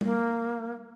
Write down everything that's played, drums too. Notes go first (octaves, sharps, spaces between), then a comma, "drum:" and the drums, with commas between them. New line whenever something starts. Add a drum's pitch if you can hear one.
A#3, drum: tom G3